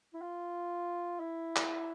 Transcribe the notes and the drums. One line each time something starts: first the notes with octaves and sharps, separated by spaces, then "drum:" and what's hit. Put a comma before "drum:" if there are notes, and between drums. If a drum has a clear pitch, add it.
E4
F4
E4
drum: clap